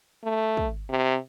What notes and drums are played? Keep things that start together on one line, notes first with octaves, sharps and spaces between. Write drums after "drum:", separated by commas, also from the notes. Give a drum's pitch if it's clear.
A3
drum: kick
C3